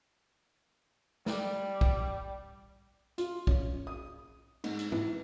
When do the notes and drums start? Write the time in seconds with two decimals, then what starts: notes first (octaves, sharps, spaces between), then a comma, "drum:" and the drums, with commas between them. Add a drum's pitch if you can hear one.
1.26 G3, drum: snare
1.81 drum: kick B1
3.18 F4, drum: hi-hat
3.47 C#4, drum: kick B1
3.87 D#6
4.64 G#2, drum: cymbal
4.79 drum: hi-hat
4.92 E3, drum: tom G#2